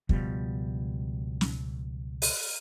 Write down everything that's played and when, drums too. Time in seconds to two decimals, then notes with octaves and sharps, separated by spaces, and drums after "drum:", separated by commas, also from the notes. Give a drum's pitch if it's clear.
0.09 C#2 B2 F3 G3, drum: kick
1.41 drum: snare
2.22 drum: open hi-hat